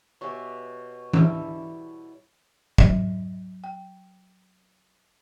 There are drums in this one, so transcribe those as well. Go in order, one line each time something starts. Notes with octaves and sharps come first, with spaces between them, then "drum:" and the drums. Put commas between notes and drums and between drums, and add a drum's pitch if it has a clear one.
B2 G4 C#5 E5 G#5
G3 E4 A4, drum: tom E3
F#3, drum: kick
G5